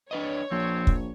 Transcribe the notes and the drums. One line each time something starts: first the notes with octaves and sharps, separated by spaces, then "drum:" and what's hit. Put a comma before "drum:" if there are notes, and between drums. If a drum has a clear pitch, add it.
D4 B4 C#5 D#5
A#1 F3 C4
drum: kick